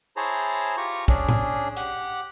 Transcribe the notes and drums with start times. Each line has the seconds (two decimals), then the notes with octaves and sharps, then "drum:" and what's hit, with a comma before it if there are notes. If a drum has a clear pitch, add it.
0.17 E4 G#4 C5 C#5 A5 A#5
0.77 F4 G4 A#5 C#6
1.08 C#4 D4 G#4, drum: kick
1.29 drum: tom A2
1.77 G4 F#5, drum: hi-hat